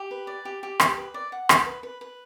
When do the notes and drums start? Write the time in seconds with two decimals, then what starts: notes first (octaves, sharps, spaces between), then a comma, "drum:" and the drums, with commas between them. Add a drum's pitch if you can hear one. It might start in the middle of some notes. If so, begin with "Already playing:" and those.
Already playing: G4
0.11 B4
0.27 D5
0.45 G4
0.63 G4
0.80 B4, drum: rim click
0.97 B4
1.14 D5
1.32 F#5
1.49 B4, drum: rim click
1.66 B4
1.83 B4
2.01 B4